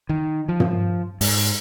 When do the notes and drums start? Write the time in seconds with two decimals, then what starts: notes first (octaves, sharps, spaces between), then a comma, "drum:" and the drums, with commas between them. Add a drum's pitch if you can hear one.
0.09 D#3
0.48 F3
0.60 drum: tom
1.21 G#2, drum: open hi-hat